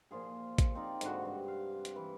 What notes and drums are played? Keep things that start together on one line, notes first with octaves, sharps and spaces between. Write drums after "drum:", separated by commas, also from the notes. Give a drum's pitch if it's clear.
A#2 F3 F4 G#4
drum: kick A1, hi-hat
C4 D#4 F4 D5
G#2 D3 F#4, drum: hi-hat
G2 C3
F5
drum: hi-hat
E3